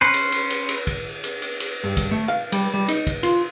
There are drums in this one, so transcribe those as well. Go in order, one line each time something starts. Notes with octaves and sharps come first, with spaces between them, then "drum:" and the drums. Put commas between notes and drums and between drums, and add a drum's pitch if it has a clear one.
C#4 B4 C5
drum: cymbal
drum: cymbal
drum: cymbal
drum: cymbal
drum: kick, cymbal
drum: cymbal
drum: cymbal
drum: cymbal
G2
drum: kick, cymbal
A3
F5
G3, drum: cymbal
G3
D#4, drum: cymbal
drum: kick, cymbal
F4, drum: cymbal